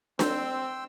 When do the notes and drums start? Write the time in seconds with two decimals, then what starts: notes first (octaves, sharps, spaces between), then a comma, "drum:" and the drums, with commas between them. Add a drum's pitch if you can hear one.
0.19 C4 G5 C6 E6, drum: snare D4